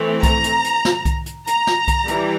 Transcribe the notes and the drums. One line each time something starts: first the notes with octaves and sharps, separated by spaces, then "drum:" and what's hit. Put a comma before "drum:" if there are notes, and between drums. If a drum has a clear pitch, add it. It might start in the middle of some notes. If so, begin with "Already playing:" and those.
Already playing: E3 A3 C4
A#5, drum: kick C2, hi-hat
drum: hi-hat
drum: hi-hat
drum: snare
drum: kick C2, hi-hat
drum: hi-hat
A#5, drum: hi-hat
drum: snare
drum: kick C2, hi-hat
E3 G3, drum: hi-hat